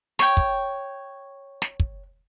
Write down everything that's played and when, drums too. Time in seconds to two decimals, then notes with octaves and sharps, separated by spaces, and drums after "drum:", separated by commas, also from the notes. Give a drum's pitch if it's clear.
0.19 C#5 G5, drum: snare
0.37 drum: kick
1.62 drum: snare
1.80 drum: kick